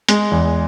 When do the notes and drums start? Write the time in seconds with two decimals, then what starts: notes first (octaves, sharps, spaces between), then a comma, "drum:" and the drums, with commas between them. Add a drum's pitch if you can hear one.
0.09 G#3, drum: hi-hat
0.32 E2